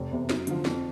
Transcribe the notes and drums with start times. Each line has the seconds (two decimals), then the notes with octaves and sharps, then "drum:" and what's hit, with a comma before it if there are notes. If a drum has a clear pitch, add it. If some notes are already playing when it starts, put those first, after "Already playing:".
Already playing: F1
0.11 E2 C3
0.29 F#2, drum: snare
0.47 D3 F3, drum: hi-hat
0.65 F2, drum: snare